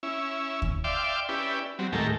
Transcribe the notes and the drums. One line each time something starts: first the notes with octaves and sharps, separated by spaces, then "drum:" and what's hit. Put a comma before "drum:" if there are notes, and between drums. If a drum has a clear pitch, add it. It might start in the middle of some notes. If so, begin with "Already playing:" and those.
C#4 E4
drum: kick
D5 E5 F5 G5 C6 D6
C#4 E4 G4 B4 D5
F#3 G3 C4
D#2 A2 G#3 A3 G4 A#4